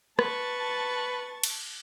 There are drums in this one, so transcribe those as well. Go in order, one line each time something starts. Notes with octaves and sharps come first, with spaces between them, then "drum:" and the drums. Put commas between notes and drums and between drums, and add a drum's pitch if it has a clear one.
B4 A5 C#6 A6, drum: rim click
drum: cymbal